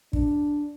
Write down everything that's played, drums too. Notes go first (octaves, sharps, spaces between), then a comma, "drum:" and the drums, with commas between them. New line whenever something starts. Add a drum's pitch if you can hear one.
D4, drum: kick